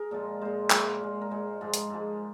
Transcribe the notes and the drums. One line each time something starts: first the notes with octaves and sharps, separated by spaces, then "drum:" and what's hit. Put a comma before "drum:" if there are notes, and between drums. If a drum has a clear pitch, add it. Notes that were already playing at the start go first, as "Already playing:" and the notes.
Already playing: G#4 A#4
A#2 F3 G#3
A#2 G#3 C5
A#2 G#3 A#4, drum: clap
A#2 G#3
A#4
A#2 G#3 C5
G#2 F3 G#3
drum: hi-hat
G#2 F3 G#3